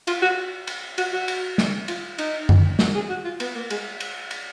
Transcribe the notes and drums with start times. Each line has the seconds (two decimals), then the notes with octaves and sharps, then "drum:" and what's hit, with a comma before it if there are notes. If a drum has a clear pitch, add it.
0.07 F4, drum: cymbal
0.22 F#4
0.67 drum: cymbal
0.98 F#4, drum: cymbal
1.13 F#4
1.28 drum: cymbal
1.58 drum: snare
1.88 F4, drum: cymbal
2.18 D#4, drum: cymbal
2.49 drum: tom F#2
2.79 F#4, drum: snare
2.95 G#4
3.09 F#4
3.24 F4
3.40 B3, drum: cymbal
3.55 A#3
3.70 G#3, drum: cymbal
4.00 drum: cymbal
4.31 drum: cymbal